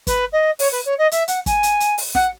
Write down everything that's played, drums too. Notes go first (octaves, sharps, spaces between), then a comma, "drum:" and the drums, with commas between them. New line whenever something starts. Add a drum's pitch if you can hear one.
B4, drum: kick, hi-hat
D#5
C#5, drum: open hi-hat
B4
C#5
D#5
E5, drum: hi-hat
F#5, drum: hi-hat
G#5, drum: kick, hi-hat
drum: hi-hat
drum: hi-hat
drum: open hi-hat
F#5, drum: snare